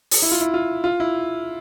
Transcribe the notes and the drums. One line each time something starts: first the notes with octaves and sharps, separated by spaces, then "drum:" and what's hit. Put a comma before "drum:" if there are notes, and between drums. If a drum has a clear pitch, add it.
drum: open hi-hat
E4
F4
E4
F4
F4
E4